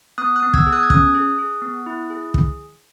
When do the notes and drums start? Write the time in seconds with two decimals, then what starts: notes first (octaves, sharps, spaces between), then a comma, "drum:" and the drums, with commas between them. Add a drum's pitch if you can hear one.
0.18 B3 D#6 F#6
0.36 D#6 F#6
0.42 B3
0.54 E6 G#6, drum: kick
0.67 G#4
0.73 D#6 F#6
0.83 G#6
0.90 C#4 D#6 F#6, drum: kick
1.15 G#4
1.39 G#4
1.62 B3
1.86 E4
2.10 G#4
2.34 drum: kick